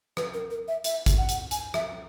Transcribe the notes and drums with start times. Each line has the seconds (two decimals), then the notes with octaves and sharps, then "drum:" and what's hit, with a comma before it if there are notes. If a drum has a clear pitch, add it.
0.17 B4, drum: rim click
0.34 A#4
0.50 A#4
0.68 E5
0.84 E5, drum: hi-hat
1.06 drum: kick G#1, hi-hat
1.18 F#5
1.29 drum: hi-hat
1.51 G#5, drum: hi-hat
1.74 E5, drum: rim click